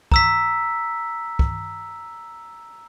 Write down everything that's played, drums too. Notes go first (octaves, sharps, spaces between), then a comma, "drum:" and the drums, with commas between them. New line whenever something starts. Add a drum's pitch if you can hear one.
A#5 E6 B6, drum: kick
drum: kick